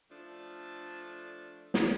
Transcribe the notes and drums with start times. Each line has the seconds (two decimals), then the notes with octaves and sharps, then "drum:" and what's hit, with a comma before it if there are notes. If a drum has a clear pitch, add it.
0.10 F3 A3 D4
1.74 drum: snare